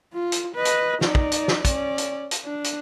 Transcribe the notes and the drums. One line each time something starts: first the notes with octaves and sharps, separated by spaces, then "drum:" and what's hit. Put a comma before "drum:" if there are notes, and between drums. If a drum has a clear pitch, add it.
F4
drum: hi-hat
B4 D#5
drum: hi-hat
D#4 D5, drum: snare
drum: kick
drum: hi-hat
drum: snare
C#4 D5, drum: kick, hi-hat
drum: hi-hat
drum: hi-hat
D4
drum: hi-hat